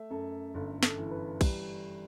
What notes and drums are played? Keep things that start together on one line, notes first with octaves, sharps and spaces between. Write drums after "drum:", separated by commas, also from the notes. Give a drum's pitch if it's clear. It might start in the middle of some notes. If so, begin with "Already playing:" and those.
Already playing: A3 E5
F#2 A4
G1 A4
A4, drum: snare
E3
A4
B4
G3, drum: kick, cymbal